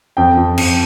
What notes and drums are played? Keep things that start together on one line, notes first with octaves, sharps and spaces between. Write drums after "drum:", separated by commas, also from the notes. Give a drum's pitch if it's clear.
F2 G5
F2
F2, drum: cymbal